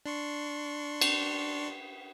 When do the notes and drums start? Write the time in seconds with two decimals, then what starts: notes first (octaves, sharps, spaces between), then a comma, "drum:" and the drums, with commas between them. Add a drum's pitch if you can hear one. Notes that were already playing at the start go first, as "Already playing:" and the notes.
0.06 D4 C6 C#6
1.01 drum: cymbal